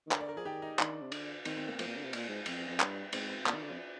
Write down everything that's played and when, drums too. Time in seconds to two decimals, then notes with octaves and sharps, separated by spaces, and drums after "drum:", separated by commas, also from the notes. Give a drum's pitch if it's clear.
0.07 D#3
0.11 D3 A#4, drum: clap
0.21 D5
0.28 A#4
0.37 F3 G#4
0.45 D#3 G4
0.62 D#4
0.79 D#3 D4, drum: clap
1.01 C3
1.12 D3, drum: cymbal
1.45 D#3 C4, drum: cymbal
1.57 C4
1.68 A#3
1.79 F3 A#3, drum: cymbal
1.87 A#2
1.96 D3
2.04 C3
2.13 A#2, drum: cymbal
2.29 G#2
2.46 F2 C4, drum: cymbal
2.68 F2
2.80 G2, drum: clap
3.13 G#2 C4, drum: cymbal
3.30 C4
3.46 A#2 D4, drum: clap
3.54 D#3
3.63 D3
3.71 F2